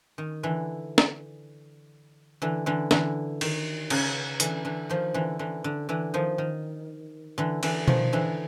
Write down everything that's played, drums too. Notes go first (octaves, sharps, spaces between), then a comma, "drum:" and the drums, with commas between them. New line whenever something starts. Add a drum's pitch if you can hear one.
D#3
D3 E3
drum: snare
D3 E3
D3 E3
D3 E3, drum: snare
D#3, drum: cymbal
C#3, drum: cymbal
D3 E3, drum: hi-hat
D3 E3
D#3 F3
D3 E3
D3 E3
D3
D3 E3
D#3 F3
D#3
D3 E3
D3 E3, drum: cymbal
D#3 F3, drum: tom B2
D3 E3